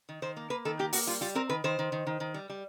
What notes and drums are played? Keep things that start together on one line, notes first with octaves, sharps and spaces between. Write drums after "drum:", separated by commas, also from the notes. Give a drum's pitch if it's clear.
D#3
D#3 C5
A#3
A#3 B4
D#3 A4
A#3 G4
A#3 F#4, drum: open hi-hat
G3 F4
G3 F4
C4 A#4
D#3 B4
D#3 C5
D#3
D#3
D#3
D#3
G3
G3